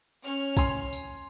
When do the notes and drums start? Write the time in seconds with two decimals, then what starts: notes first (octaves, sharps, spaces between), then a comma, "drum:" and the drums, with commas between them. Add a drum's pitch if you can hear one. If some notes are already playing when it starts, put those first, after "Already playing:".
0.25 C#4 F6
0.57 G#5 C6, drum: kick, tambourine
0.93 drum: tambourine